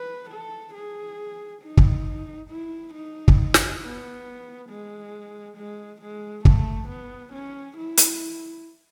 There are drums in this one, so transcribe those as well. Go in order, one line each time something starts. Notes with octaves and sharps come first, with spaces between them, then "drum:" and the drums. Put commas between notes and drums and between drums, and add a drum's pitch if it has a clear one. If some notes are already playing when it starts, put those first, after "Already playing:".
Already playing: B4
A4
G#4
D#4
drum: kick
E4
D#4
drum: kick
drum: snare
B3
G#3
G#3
G#3
A3, drum: kick
B3
C#4
E4
drum: hi-hat